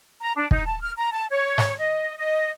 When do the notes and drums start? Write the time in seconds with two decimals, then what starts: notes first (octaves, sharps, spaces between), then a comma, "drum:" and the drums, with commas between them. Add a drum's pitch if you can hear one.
0.20 A#5
0.36 D4
0.51 D#4, drum: kick
0.65 A5
0.81 F6
0.97 A#5
1.13 A5
1.30 C#5
1.58 drum: snare G#2
1.78 D#5
2.17 D#5